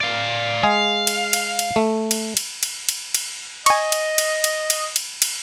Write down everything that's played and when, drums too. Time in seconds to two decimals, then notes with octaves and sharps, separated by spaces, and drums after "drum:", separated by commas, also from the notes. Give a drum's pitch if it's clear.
0.01 D5 F5
0.63 G#3 G#4 F5
1.07 drum: cymbal
1.33 drum: cymbal
1.59 drum: cymbal
1.76 A3
2.11 drum: cymbal
2.37 drum: cymbal
2.63 drum: cymbal
2.89 drum: cymbal
3.14 drum: cymbal
3.66 D#5 G#5 C#6, drum: cymbal
3.92 drum: cymbal
4.18 drum: cymbal
4.44 drum: cymbal
4.70 drum: cymbal
4.96 drum: cymbal
5.22 drum: cymbal